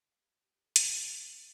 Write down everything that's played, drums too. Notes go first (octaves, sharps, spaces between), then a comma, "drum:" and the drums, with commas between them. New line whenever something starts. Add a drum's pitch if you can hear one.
F5
G4
F4
G4
G4
A4
G5, drum: hi-hat
A5